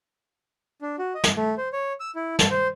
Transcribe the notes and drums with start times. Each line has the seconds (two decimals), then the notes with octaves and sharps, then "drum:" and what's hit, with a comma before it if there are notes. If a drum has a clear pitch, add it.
0.82 D4
0.99 F#4
1.14 D#5
1.24 drum: snare
1.37 A3
1.58 C5
1.73 C#5
2.00 E6
2.15 E4
2.39 A5, drum: snare
2.51 C5